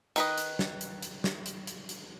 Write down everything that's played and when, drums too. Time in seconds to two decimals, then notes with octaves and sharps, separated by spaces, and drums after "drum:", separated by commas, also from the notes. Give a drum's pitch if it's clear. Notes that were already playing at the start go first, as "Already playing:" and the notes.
0.16 D#3 B4 D#5, drum: hi-hat
0.38 drum: hi-hat
0.59 drum: snare
0.81 drum: hi-hat
1.02 drum: hi-hat
1.24 drum: snare
1.46 drum: hi-hat
1.67 drum: hi-hat
1.89 drum: hi-hat